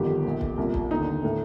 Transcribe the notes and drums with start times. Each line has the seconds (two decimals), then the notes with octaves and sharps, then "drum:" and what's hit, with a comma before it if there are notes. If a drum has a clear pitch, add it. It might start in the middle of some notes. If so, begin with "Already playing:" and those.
Already playing: G1 F2 D#3 G4
0.25 A#1 A#2
0.41 drum: kick
0.58 C2 A#2
0.74 drum: kick
0.90 D#2 D3 D#4
1.24 A2